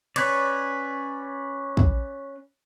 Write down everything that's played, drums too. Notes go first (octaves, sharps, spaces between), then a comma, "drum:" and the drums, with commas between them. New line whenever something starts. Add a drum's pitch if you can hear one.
C#4 B4 C#5 D5, drum: cymbal
drum: kick